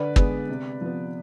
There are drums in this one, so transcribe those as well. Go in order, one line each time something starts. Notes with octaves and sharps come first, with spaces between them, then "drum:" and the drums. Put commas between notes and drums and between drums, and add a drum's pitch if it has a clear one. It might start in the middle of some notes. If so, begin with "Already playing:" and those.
Already playing: D3 B4 D5
G#3 B3, drum: kick
C3
F3 B3